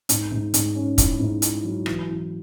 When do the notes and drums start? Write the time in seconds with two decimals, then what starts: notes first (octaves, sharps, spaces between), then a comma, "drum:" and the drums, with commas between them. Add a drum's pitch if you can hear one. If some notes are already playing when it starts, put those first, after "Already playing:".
0.09 G#2, drum: hi-hat
0.32 G#2
0.54 G#2, drum: hi-hat
0.75 C#4
0.98 E4, drum: kick, hi-hat
1.20 G#2
1.42 E4, drum: hi-hat
1.64 F#3
1.86 E3, drum: rim click
2.09 E3